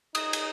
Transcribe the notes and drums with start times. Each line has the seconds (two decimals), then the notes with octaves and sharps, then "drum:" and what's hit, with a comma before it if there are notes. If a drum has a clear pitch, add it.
0.15 D#4 D#6, drum: cymbal
0.33 drum: cymbal